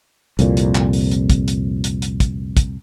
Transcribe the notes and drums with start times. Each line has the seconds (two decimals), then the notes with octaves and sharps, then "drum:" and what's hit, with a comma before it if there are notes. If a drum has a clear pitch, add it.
0.39 C2 F2 A#2, drum: hi-hat
0.57 drum: hi-hat
0.75 drum: clap
0.93 drum: open hi-hat
1.11 drum: hi-hat
1.30 drum: kick, hi-hat
1.48 drum: hi-hat
1.84 drum: hi-hat
2.02 drum: hi-hat
2.20 drum: kick, hi-hat
2.57 drum: kick, hi-hat